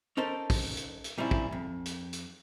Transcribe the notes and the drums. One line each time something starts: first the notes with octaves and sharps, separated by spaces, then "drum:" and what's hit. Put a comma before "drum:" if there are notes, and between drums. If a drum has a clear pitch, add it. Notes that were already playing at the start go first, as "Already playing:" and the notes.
C#4 D#4 A4 A#4 C5
drum: kick, open hi-hat
drum: hi-hat
drum: hi-hat
A#2 G3 C4 C#4 E4
drum: kick
F2
drum: hi-hat
drum: hi-hat